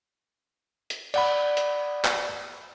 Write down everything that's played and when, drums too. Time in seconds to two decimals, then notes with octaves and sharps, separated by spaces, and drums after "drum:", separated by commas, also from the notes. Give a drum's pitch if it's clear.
0.90 drum: hi-hat
1.14 D5 F#5 B5, drum: cymbal
1.57 drum: hi-hat
2.05 drum: clap